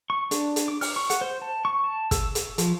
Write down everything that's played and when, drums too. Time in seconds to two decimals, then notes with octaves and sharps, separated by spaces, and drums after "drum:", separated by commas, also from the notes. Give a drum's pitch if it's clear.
0.10 C#6
0.31 D4, drum: hi-hat
0.56 drum: hi-hat
0.68 D6
0.81 F6, drum: open hi-hat
0.96 C#6
1.10 F#5, drum: hi-hat
1.21 C5
1.42 A5
1.65 C#6
1.84 A5
2.11 E6, drum: kick, hi-hat
2.35 drum: hi-hat
2.58 F3, drum: hi-hat